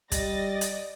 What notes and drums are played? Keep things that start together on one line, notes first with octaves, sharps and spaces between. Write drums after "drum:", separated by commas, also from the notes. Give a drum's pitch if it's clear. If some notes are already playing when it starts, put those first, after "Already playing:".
G3 D5 D#5 A6 A#6, drum: kick, hi-hat
drum: hi-hat